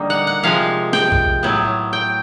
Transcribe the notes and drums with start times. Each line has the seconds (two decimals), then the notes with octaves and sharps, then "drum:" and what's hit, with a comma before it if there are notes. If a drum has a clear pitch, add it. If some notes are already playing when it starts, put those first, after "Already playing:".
Already playing: D3 G3 A#3 D#4
0.10 F#5
0.27 F#5
0.43 C3 F3 G#3 F5
0.93 G5, drum: snare
1.12 drum: kick A#1
1.43 A2 F#3 B3
1.93 G5